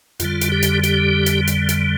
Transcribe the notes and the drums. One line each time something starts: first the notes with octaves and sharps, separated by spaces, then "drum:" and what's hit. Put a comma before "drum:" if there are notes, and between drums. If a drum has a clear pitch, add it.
F2 D3 G3 F4, drum: hi-hat
drum: hi-hat
G4
drum: hi-hat
G4, drum: hi-hat
drum: hi-hat
drum: hi-hat
drum: hi-hat